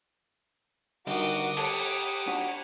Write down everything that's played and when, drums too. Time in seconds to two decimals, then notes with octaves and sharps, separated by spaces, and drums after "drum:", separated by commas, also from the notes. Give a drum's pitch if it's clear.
1.07 D3 G3 D#4 F#4 A#4 D6 D#6, drum: open hi-hat
1.57 G4 A4, drum: cymbal
2.27 D4 F#4